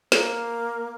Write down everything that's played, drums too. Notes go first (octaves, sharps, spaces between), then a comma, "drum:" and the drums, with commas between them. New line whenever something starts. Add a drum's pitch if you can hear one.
A#3, drum: snare